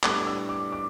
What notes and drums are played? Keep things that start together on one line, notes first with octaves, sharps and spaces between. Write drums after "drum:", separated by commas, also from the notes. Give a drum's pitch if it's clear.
A2 G3 B3 D4 A4 D6, drum: clap
E6
D6
D6